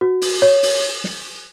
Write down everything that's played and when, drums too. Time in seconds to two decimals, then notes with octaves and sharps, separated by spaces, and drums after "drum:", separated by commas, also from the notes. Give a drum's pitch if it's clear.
0.01 F#4
0.21 drum: open hi-hat
0.42 C#5
0.63 drum: open hi-hat
1.04 drum: snare